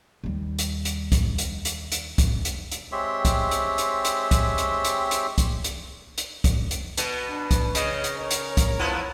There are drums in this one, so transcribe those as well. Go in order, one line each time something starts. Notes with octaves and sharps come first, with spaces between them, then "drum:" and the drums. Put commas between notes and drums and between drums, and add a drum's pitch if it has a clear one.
D#2 G3
drum: hi-hat
drum: hi-hat
drum: kick, hi-hat
drum: hi-hat
drum: hi-hat
drum: hi-hat
drum: kick, hi-hat
drum: hi-hat
drum: hi-hat
G#3 C4 G4 C#5 E5 C6
drum: kick, hi-hat
drum: hi-hat
drum: hi-hat
drum: hi-hat
drum: kick, hi-hat
drum: hi-hat
drum: hi-hat
drum: hi-hat
drum: kick, hi-hat
drum: hi-hat
drum: hi-hat
drum: kick, hi-hat
drum: hi-hat
B2 B3, drum: hi-hat
D4
drum: kick, hi-hat
C#3 C#5 D#5, drum: hi-hat
drum: hi-hat
A#4 C#5
drum: hi-hat
drum: kick, hi-hat
F3 B3 E4